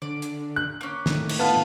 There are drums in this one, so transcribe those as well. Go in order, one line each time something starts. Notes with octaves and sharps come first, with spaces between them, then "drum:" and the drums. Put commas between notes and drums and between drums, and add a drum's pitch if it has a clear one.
D3 D5
drum: hi-hat
F#6
A#3 C#4
A2 D#3, drum: snare
drum: cymbal
B3 F4 B4 A5